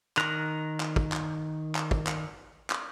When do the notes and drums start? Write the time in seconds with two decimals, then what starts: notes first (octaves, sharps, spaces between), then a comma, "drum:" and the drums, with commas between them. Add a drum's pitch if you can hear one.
0.17 D#3 A#4 F#6, drum: clap
0.80 drum: clap
0.96 drum: kick
1.12 drum: clap
1.75 drum: clap
1.91 drum: kick
2.07 drum: clap
2.70 drum: clap